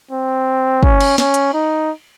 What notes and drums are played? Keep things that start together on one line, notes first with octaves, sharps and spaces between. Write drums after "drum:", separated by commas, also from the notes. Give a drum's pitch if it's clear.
C4
C#4, drum: kick
drum: cymbal
C#4, drum: snare
drum: hi-hat
D#4